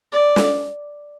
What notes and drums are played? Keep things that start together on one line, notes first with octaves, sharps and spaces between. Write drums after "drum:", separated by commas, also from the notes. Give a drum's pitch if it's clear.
D5
drum: snare